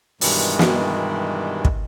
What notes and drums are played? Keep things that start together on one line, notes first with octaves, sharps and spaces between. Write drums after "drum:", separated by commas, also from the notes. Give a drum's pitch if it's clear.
G2 B2 D#3 E3 G3 G#3, drum: open hi-hat
drum: snare
drum: kick